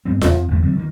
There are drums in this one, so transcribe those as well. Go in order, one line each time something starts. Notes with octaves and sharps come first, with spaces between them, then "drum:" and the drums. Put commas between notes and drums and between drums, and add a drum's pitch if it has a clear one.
G2 G3 B3 C4
D#1 E2 C#3, drum: snare F4
F2
G1 E2 A3 A#3
D3 F#3 G3 C4
D#3 F3 A#3